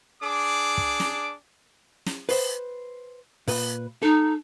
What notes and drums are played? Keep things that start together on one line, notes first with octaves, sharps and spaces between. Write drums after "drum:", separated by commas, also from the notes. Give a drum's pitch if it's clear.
D4 G#4 D6
drum: kick
drum: snare
drum: snare
B4 C5, drum: open hi-hat
A#2 B4, drum: open hi-hat
D#4 A4